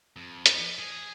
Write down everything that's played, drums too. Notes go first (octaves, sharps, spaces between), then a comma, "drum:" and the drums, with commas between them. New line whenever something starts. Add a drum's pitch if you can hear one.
F2
drum: hi-hat
G#4